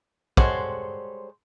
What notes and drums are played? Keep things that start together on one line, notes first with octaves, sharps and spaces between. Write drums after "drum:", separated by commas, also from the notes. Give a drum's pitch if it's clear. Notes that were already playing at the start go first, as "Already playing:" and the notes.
G3 G#3 A4 C5 C#5 F#5, drum: kick